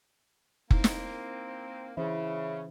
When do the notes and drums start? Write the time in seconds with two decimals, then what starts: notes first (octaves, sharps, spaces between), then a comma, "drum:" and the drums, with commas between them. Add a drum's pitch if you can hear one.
0.71 A#3 C4 D#4 E4, drum: kick F#1
0.84 drum: snare
1.97 C#3 E3 C#4 E4 C5